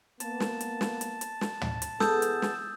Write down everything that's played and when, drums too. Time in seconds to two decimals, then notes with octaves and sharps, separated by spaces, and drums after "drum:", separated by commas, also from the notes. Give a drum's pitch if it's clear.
0.20 A#3 B3 A5, drum: hi-hat
0.40 drum: snare
0.61 drum: hi-hat
0.81 drum: snare
1.01 drum: hi-hat
1.21 drum: hi-hat
1.41 drum: snare
1.61 drum: tom
1.82 drum: hi-hat
2.00 E3 B3 G#4 A4 D#6 E6 G6, drum: snare
2.22 drum: hi-hat
2.42 drum: snare